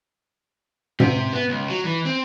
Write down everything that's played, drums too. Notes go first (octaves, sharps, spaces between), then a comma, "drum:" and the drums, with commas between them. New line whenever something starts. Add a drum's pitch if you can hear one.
C3, drum: tom
B3
C#2
F#3
E3
C4